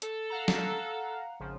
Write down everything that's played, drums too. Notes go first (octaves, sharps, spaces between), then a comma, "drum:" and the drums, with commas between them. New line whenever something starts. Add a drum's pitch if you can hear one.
A4, drum: hi-hat
F5 F#5 A#5
drum: snare
G#1 C#3 F3